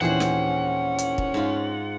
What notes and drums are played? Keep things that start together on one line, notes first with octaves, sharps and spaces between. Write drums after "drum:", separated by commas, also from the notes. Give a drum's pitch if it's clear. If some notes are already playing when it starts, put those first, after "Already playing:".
D#2 A#2 E3 C4 C#4 G#4 C5 F#5
drum: snare
drum: hi-hat
drum: kick
G#2 F4